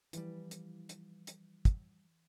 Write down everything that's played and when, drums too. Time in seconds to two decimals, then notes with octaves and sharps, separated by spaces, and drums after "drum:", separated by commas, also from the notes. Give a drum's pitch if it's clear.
0.13 E3 F3 G3, drum: hi-hat
0.51 drum: hi-hat
0.89 drum: hi-hat
1.27 drum: hi-hat
1.65 drum: kick, hi-hat